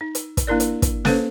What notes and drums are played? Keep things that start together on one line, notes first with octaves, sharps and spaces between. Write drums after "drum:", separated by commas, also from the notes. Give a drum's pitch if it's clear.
D#4
drum: hi-hat
drum: kick, hi-hat
A#3 D4 E4 A#4 D5
drum: hi-hat
drum: kick, hi-hat
A#3 C#4 A4 B4 C5, drum: snare